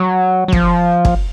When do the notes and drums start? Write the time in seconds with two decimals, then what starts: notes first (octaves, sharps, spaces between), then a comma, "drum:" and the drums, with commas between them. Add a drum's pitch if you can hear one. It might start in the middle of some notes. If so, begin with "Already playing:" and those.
Already playing: F#3
0.48 F#3
0.53 F3, drum: kick
1.05 drum: kick